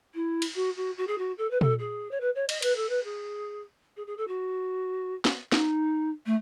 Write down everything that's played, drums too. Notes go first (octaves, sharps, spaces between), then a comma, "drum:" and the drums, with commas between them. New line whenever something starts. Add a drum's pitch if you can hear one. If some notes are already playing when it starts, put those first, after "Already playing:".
E4
drum: cymbal
F#4
F#4
F#4
G#4
F#4
A4
B4
A4, drum: tom
G#4
C#5
B4
C#5
D#5, drum: cymbal
B4, drum: cymbal
A4
B4
G#4
G#4
G#4
A4
F#4
drum: snare
D#4, drum: snare
A3